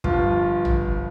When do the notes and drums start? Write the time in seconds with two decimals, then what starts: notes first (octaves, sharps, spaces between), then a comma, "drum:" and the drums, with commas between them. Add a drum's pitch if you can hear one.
0.04 G1 G2 F3 F4, drum: kick
0.65 drum: tom
0.95 F3